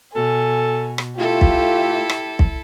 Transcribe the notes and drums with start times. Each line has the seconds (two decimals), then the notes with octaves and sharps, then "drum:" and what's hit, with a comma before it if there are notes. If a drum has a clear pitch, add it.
0.15 B2 A4 G#5
0.98 drum: rim click
1.18 A3 E4 F4 G4 A4
1.41 drum: kick
2.09 drum: rim click
2.39 drum: kick